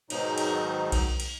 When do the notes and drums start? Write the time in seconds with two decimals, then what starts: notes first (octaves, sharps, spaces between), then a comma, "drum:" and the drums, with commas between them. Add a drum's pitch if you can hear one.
0.10 G#2 B2 D#3 F#3 D#4, drum: cymbal
0.38 drum: cymbal
0.92 drum: kick B1, cymbal
1.20 drum: cymbal